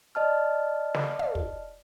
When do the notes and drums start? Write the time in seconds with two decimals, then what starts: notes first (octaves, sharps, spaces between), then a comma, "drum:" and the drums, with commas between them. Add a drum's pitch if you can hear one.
0.15 D5 D#5 A5 F6
0.94 drum: snare
1.19 drum: tom
1.35 drum: kick